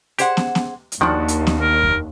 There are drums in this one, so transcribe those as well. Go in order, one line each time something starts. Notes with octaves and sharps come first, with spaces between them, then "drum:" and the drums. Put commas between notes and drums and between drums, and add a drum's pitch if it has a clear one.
G4 G#4 C5 F#5, drum: hi-hat
drum: snare
drum: snare
drum: hi-hat
D#2 D#3 F3 D4 F#4
drum: hi-hat
drum: snare
A#4
drum: kick F2